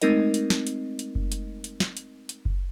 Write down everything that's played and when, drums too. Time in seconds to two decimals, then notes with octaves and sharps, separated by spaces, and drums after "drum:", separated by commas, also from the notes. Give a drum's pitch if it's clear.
0.02 G#3 A3 C4 D#4 A#4 D#5, drum: hi-hat
0.34 drum: hi-hat
0.50 drum: snare
0.67 drum: hi-hat
0.99 drum: hi-hat
1.15 drum: kick F#1
1.32 drum: hi-hat
1.64 drum: hi-hat
1.80 drum: snare
1.97 drum: hi-hat
2.29 drum: hi-hat
2.45 drum: kick F#1